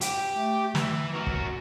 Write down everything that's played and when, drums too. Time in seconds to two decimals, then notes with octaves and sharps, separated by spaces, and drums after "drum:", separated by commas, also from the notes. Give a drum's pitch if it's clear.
0.01 G4, drum: hi-hat
0.32 A3
0.75 E3, drum: snare
1.14 F#4 A#4
1.27 drum: kick